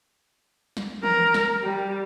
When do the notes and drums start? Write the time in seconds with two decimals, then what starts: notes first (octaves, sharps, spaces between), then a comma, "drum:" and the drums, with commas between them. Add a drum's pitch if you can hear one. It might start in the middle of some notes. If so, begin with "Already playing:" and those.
0.77 drum: snare
1.03 A#4, drum: tom E3
1.34 drum: snare
1.63 G3